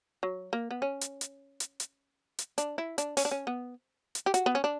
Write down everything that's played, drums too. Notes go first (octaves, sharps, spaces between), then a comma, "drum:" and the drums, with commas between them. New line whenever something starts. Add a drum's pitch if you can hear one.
F#3
A#3
B3
C#4
drum: hi-hat
drum: hi-hat
drum: hi-hat
drum: hi-hat
drum: hi-hat
D4, drum: hi-hat
E4
D4, drum: hi-hat
C#4, drum: open hi-hat
D4
C#4
B3
drum: hi-hat
G4
F#4, drum: hi-hat
B3
C#4
D4